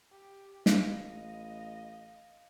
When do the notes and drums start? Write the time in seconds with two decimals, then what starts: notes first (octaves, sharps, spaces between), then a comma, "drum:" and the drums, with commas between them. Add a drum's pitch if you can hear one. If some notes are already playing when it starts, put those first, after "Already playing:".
0.12 G4
0.66 A1 D#5 F5, drum: snare